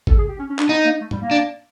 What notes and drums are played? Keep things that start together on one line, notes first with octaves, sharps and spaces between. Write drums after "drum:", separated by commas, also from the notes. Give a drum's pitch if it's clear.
A4, drum: kick G#1
G#4
G4
C#4
C#4
D4, drum: clap
B3 D#4
A#3
A3
G3, drum: tom
A#3
D4